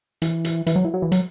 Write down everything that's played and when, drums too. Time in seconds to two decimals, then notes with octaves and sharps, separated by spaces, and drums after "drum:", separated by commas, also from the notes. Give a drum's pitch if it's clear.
0.22 E3, drum: hi-hat
0.45 drum: hi-hat
0.67 E3, drum: hi-hat
0.76 F#3
0.85 E3
0.94 F#3
1.02 E3
1.12 F#3, drum: hi-hat